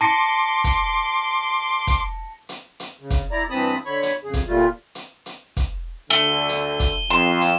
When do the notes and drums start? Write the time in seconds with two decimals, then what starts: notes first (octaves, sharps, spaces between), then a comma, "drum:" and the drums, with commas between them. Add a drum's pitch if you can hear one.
0.01 A5 C6 D6 A#6 C#7
0.64 drum: kick, hi-hat
1.87 drum: kick, hi-hat
2.49 drum: hi-hat
2.80 drum: hi-hat
3.00 C#3
3.10 drum: kick, hi-hat
3.31 E4 D5 A#5
3.50 G2 E3 C4 A5 B5 D#6
3.86 D3 C#5 B5 C#6
4.03 drum: hi-hat
4.24 F2 C#3 G#4
4.33 drum: kick, hi-hat
4.47 A#2 G3 A3 F4
4.95 drum: hi-hat
5.26 drum: hi-hat
5.57 drum: kick, hi-hat
6.10 D2 D3 A3 D#7 G7
6.49 drum: hi-hat
6.80 drum: kick, hi-hat
7.10 F2 C6 E7
7.41 drum: hi-hat